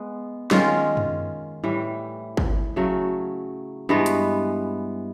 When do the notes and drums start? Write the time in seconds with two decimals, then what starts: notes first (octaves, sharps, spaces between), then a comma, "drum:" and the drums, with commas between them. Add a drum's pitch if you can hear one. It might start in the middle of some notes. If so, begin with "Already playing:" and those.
Already playing: G#3 B3
0.51 D#3 G#3 C#4 F4, drum: snare
0.97 drum: tom F#2
1.64 A2 E3 G3
2.37 drum: kick
2.76 C#3 F#3 A3
3.89 G2 E3 G#3 B3
4.06 drum: hi-hat